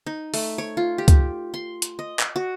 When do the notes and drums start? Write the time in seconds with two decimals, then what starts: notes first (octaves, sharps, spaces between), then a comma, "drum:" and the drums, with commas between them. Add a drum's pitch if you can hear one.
0.07 D#4
0.34 A3, drum: open hi-hat
0.58 C#5
0.77 F4
0.98 G4
1.08 drum: kick C#2, hi-hat
1.54 C6
1.82 drum: hi-hat
1.99 D#5
2.19 drum: clap
2.36 F#4